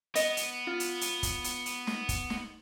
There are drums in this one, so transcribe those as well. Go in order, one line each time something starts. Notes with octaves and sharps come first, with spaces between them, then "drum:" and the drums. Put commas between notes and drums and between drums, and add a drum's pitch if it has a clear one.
B3 D#5, drum: hi-hat
drum: hi-hat
F4
drum: hi-hat
drum: hi-hat
drum: kick, hi-hat
drum: hi-hat
drum: hi-hat
drum: snare
drum: kick, hi-hat
drum: snare